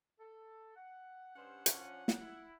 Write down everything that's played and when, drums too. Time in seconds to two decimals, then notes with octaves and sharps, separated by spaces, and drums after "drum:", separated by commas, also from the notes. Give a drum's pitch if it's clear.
0.19 A4
0.76 F#5
1.36 G2 C#4 C5 F#5
1.66 F3 C#4 D4, drum: hi-hat
2.08 drum: snare
2.21 E4